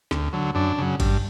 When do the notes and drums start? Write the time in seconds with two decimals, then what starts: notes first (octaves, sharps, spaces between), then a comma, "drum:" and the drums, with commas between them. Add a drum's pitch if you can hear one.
0.11 D2, drum: snare
0.33 D3 F#3
0.55 F#2 D4
0.78 C#3 F#3
1.00 G2, drum: kick G#1, cymbal